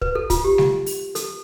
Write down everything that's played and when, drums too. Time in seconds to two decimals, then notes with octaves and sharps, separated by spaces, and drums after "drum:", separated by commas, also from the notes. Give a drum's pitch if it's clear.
0.02 B4, drum: kick
0.15 A4
0.30 F4, drum: kick, hi-hat
0.44 G4
0.58 drum: snare G3
0.86 drum: open hi-hat
1.15 A4, drum: hi-hat